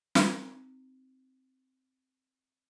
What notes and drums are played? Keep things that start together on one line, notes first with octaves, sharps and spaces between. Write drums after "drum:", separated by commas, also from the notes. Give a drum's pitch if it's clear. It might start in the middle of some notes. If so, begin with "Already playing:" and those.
C4 D#4, drum: snare